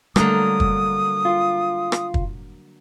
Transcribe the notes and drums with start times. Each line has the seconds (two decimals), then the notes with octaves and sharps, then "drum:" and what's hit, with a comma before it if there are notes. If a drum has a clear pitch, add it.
0.16 D3 F#3 G3 A3 A#3 D#6, drum: rim click
0.60 drum: kick
1.25 F4
1.92 drum: rim click
2.14 drum: kick